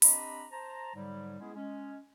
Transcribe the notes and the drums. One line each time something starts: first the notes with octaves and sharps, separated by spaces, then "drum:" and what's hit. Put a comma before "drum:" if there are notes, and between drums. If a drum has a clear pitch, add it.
C4 D4 G4 D#5 A#5 B5, drum: open hi-hat
C5 A5 A#5
G#2 D3 F#3 G3
G#3 B3 C#4 E4 G#4
G#3 C#4